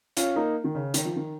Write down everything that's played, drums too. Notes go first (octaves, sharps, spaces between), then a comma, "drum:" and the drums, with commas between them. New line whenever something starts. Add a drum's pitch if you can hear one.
C#4 F4, drum: hi-hat
A#3 D#4
D#3
C#3
D#3, drum: hi-hat
F3
D#3